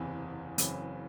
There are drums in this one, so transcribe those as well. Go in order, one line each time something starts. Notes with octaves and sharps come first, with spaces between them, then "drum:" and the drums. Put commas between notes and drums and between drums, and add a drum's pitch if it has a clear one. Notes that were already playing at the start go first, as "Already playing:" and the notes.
Already playing: F#1 E2 C3 E3
F#1 F#2 C#3 E3 C4, drum: hi-hat